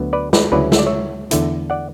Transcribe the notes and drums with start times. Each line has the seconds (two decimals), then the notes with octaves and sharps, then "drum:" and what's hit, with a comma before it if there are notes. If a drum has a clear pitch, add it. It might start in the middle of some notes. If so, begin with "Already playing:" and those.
Already playing: D2 D3 F#3 B3
0.13 B4 D5
0.33 B4 D5, drum: snare
0.52 D2 C#3 F#3 C#4 E4 B4 D5
0.72 E5, drum: snare
0.79 D5
0.86 C#5 E5
1.31 E2 D3 A3 E4, drum: hi-hat
1.70 D5 F#5